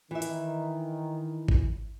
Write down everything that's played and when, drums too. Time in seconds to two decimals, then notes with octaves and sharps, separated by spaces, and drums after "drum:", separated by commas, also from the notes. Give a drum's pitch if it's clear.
0.11 D#3 E3 E5
0.22 drum: hi-hat
1.48 drum: kick G#1